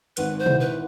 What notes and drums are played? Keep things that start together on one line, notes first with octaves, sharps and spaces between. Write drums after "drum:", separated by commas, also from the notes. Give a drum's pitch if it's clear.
G#1 B4, drum: hi-hat
C5
E3, drum: tom
B4